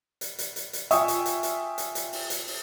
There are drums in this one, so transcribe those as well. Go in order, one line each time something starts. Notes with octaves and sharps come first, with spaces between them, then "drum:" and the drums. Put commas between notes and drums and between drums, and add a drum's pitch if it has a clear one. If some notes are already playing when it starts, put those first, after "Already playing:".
drum: hi-hat
drum: hi-hat
drum: hi-hat
drum: hi-hat
F4 E5 G5 G#5 C#6 D#6, drum: hi-hat
drum: hi-hat
drum: hi-hat
drum: hi-hat
drum: hi-hat
drum: hi-hat
drum: open hi-hat
drum: hi-hat
drum: open hi-hat